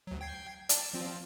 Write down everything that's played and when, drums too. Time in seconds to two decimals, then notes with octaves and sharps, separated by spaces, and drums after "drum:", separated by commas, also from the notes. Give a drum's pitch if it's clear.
0.07 D2 F#3
0.21 G5 G#6 C7
0.69 D5 A5, drum: hi-hat
0.94 F3 C4 F4